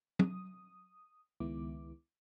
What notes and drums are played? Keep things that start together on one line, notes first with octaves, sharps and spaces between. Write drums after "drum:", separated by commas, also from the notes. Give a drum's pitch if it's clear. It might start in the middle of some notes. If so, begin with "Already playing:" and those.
D#6, drum: tom
C#2 D#3 G#3 B3 E4 D6